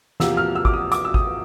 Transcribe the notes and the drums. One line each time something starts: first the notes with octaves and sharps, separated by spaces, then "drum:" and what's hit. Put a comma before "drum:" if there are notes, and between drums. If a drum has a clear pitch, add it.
E2 C3 F3 A#3 E6, drum: snare
F6
E6
D6, drum: kick G#1
D#6
D6, drum: hi-hat
E6
D#6, drum: kick G#1